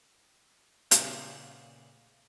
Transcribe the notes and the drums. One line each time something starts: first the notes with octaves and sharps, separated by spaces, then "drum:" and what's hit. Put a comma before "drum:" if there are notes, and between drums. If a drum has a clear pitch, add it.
A#2 C#3 B3 D5 E5 F5, drum: hi-hat